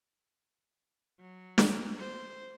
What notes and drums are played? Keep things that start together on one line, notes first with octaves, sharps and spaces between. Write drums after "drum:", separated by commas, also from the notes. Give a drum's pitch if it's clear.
F#3
drum: snare
C5